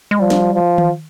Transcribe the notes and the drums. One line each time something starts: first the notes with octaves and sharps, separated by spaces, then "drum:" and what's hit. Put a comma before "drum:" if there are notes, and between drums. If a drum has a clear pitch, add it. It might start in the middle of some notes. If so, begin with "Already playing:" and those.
G#3
F3 G3
drum: snare
F3
drum: tom D#3